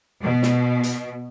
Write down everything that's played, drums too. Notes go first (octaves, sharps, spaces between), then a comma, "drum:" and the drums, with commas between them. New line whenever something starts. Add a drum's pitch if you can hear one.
B2
drum: snare
drum: hi-hat